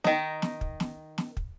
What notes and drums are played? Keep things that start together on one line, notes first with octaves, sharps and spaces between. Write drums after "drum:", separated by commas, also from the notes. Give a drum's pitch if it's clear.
D#3 D#4, drum: snare
drum: snare
drum: kick
drum: snare
drum: snare
drum: kick